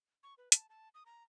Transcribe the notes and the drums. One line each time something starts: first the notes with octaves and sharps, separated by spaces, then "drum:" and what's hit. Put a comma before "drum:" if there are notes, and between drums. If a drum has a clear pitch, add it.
C#6
B4
A5, drum: hi-hat
A5
D#6
A#5